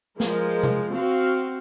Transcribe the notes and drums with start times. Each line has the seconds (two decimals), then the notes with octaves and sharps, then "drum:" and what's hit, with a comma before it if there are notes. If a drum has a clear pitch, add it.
0.20 F3 G#3 A#4, drum: snare
0.63 drum: tom C3
0.90 C4 F#4 F5